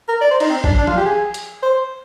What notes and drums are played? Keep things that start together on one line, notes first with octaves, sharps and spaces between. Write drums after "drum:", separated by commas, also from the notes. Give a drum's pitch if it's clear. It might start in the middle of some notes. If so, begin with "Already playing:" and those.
A#4
D5
C5
D#4, drum: cymbal
C4
D4, drum: kick A1
D4
F4, drum: tom F3
G4
G#4
drum: hi-hat
C5